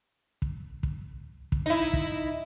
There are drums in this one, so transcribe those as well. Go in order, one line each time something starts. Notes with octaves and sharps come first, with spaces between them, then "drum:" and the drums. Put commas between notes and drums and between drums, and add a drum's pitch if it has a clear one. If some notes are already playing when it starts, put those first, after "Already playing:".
drum: kick
drum: kick
drum: kick
D#4 E4
drum: kick